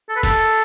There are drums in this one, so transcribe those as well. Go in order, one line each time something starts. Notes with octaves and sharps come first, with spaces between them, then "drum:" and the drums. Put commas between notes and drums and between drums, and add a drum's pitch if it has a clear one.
A4
B4
A4, drum: kick, cymbal